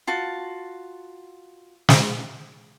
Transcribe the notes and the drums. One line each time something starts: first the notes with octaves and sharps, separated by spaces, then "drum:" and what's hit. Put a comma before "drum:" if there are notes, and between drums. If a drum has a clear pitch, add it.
F4 F#4 A5
drum: snare